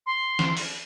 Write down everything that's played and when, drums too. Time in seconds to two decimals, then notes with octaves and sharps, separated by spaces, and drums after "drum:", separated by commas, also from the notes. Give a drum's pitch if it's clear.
0.06 C6
0.39 drum: snare
0.57 drum: open hi-hat